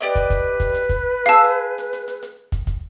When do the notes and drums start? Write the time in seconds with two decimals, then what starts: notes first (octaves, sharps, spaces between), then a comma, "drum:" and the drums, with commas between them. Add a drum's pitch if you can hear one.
0.01 G4 B4 D5 D#5
0.15 drum: kick, hi-hat
0.30 drum: kick, hi-hat
0.60 drum: kick, hi-hat
0.75 drum: hi-hat
0.89 drum: kick, hi-hat
1.26 G#4 F5 A5 E6
1.78 drum: hi-hat
1.93 drum: hi-hat
2.08 drum: hi-hat
2.23 drum: hi-hat
2.52 drum: kick, hi-hat
2.67 drum: kick, hi-hat